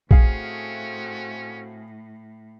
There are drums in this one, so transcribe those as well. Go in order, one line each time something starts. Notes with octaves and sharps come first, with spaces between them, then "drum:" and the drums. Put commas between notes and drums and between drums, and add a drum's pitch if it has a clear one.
A2 A3 C4 C#4 F#4 G#4 F5, drum: kick A#1